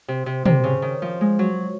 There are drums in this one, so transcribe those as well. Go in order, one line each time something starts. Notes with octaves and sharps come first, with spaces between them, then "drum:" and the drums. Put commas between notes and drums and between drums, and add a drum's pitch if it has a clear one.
C3
C3
C3, drum: tom
C#3
D#3
F3
G#3
F#3